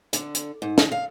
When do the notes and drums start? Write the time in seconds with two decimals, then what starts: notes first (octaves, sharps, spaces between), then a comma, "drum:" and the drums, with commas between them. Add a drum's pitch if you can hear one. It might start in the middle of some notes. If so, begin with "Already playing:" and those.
0.13 D3, drum: hi-hat
0.35 drum: hi-hat
0.62 G#2
0.78 drum: snare
0.92 F5